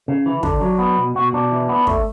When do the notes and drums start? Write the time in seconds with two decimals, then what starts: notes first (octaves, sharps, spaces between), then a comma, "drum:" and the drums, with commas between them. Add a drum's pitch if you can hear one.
0.08 C#3
0.26 E3
0.43 D3 D4, drum: kick
0.61 F#3
0.79 B3
0.98 B2
1.15 B2 F#4
1.33 B2 D4
1.51 E3
1.69 B3
1.87 A3, drum: kick